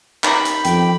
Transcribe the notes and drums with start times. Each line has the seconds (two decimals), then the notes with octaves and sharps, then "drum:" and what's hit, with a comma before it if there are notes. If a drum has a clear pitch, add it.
0.24 D#3 G4 A#5 B5, drum: clap
0.45 drum: hi-hat
0.64 F2 G5, drum: hi-hat